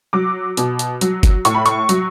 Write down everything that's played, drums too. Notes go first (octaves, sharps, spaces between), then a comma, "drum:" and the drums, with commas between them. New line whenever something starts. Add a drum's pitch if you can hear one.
F#3 D6
B2, drum: hi-hat
drum: hi-hat
F#3, drum: hi-hat
drum: kick G1, hi-hat
A2 C#6, drum: hi-hat
B5
C#6, drum: hi-hat
F#3, drum: hi-hat